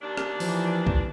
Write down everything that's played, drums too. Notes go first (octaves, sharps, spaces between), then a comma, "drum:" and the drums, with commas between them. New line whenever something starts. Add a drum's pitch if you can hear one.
D#2 D4
drum: rim click
E3 F3, drum: open hi-hat
drum: kick